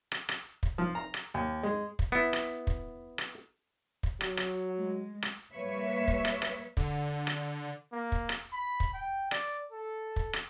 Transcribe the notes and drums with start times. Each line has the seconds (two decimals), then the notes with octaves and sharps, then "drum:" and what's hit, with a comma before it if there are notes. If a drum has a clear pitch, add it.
0.12 drum: rim click
0.29 drum: rim click
0.63 drum: kick
0.78 F3
0.95 A#5
1.14 drum: rim click
1.34 D#2
1.63 G#3
1.99 drum: kick
2.12 B3 E4
2.33 drum: rim click
2.67 drum: kick
3.18 drum: rim click
4.03 drum: kick
4.21 F#3, drum: rim click
4.37 drum: rim click
4.78 G#3
5.23 drum: rim click
5.53 G3 A#3 B4 C#5 E5
6.08 drum: kick
6.25 drum: rim click
6.42 drum: rim click
6.77 D3, drum: kick
7.27 drum: rim click
7.93 A#3
8.12 drum: kick
8.29 drum: rim click
8.53 B5
8.80 drum: kick
8.94 G5
9.31 D5, drum: rim click
9.72 A4
10.16 drum: kick
10.33 drum: rim click